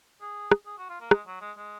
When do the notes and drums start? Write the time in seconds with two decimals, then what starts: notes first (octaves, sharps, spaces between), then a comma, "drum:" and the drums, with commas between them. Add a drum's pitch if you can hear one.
0.21 G#4
0.51 drum: rim click
0.66 G#4
0.78 F#4
0.90 F4
1.01 A#3
1.11 G#3, drum: rim click
1.27 F#3
1.41 G#3
1.57 G#3